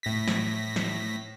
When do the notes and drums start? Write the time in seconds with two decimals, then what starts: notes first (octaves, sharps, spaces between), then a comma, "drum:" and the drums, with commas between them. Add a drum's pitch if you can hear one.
0.03 A2 A#6 B6
0.28 drum: snare
0.76 drum: snare